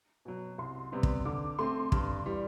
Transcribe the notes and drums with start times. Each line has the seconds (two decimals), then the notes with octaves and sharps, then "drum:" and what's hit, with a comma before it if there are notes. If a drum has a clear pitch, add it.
0.25 B2 F#3
0.58 C2 C6
0.92 C3 G3 B3
1.03 drum: kick
1.25 D3 D6
1.59 A3 C4 C6
1.92 G2, drum: kick
2.26 E3 G3